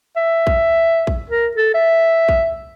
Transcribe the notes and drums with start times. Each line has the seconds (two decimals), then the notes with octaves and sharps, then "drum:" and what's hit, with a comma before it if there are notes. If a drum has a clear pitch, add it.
0.16 E5
0.47 drum: kick A#1
1.07 drum: kick A#1
1.30 A#4
1.57 A4
1.74 E5
2.28 drum: kick A#1